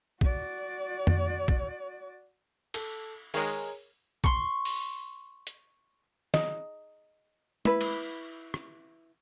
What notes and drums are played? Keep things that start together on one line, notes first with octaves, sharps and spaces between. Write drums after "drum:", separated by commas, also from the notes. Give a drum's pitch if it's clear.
F#4 D5, drum: kick
drum: tom F2
drum: kick
A4, drum: cymbal
D#3 G#3 G#4 A#4 C#5, drum: open hi-hat
C6 C#6, drum: kick
drum: open hi-hat
drum: hi-hat
D#5, drum: snare
E4 B4, drum: tom
drum: cymbal
drum: rim click